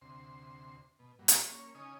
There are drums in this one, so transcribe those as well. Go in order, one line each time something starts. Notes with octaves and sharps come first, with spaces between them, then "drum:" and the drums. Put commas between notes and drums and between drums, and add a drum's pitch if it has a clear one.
D2 C3 C6
B2
G2 A#2 F#3
drum: hi-hat
A#3 C#4 C#5
C#3 C#4 D#4 G#5 D#6